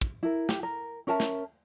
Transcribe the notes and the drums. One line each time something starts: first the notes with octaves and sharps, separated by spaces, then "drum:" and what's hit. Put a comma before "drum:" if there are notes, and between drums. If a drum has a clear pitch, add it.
drum: kick
E4 A#4
G4, drum: snare
A#4
C#4 A#4 E5 A5
drum: snare